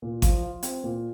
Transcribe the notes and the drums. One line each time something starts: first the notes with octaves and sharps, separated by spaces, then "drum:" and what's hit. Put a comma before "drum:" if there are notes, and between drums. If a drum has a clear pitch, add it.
A#2
F3, drum: kick G#1, hi-hat
F4
C4, drum: hi-hat
A#2